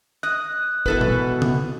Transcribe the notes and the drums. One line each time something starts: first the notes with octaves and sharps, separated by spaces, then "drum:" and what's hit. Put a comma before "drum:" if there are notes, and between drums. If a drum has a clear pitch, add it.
D#5 F#6
B2 E3 E4 A4 B4, drum: kick
drum: tom
drum: tom